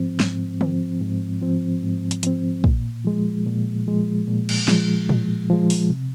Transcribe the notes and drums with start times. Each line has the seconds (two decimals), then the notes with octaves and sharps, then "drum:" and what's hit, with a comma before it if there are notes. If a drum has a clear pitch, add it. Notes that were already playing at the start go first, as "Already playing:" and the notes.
Already playing: G#2 F3 C4
0.20 G#2, drum: snare
0.61 F3 C4, drum: tom D3
1.01 G#2
1.41 F3 C4
1.83 G#2
2.11 drum: hi-hat
2.23 F3 C4, drum: hi-hat
2.64 A#2, drum: kick
3.05 F3 G#3
3.46 A#2
3.86 F3 G#3
4.27 A#2
4.49 drum: cymbal
4.68 F3 G#3, drum: snare
5.09 A#2, drum: tom A2
5.50 F3 G#3
5.70 drum: open hi-hat
5.90 C3